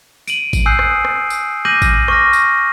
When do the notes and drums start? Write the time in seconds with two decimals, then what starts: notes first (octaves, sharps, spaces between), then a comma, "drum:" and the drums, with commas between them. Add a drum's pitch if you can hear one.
0.28 D7 D#7 F#7, drum: tambourine
0.53 drum: kick G#1, tambourine
0.66 G#5 D#6 E6 F#6 G6 C7
0.79 drum: rim click
1.05 drum: rim click
1.30 drum: tambourine
1.65 D6 F6 G6 A#6 D#7 F#7
1.82 drum: kick G#1, tambourine
2.08 C#6 D6 F6 A#6, drum: rim click
2.33 drum: tambourine